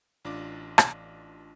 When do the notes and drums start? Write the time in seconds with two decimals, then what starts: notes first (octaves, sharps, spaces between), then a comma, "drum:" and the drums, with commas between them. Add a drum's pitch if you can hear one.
0.25 A1 D4 F4 D6
0.78 drum: rim click